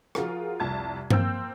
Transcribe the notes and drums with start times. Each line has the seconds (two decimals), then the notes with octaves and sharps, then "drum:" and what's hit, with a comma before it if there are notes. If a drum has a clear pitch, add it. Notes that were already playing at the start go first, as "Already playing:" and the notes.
0.15 F3 F4 F#4 G#4 A#4, drum: rim click
0.60 F1 C2 A5 G#6
1.10 A#3 C4 G5 E6 G6, drum: tom G2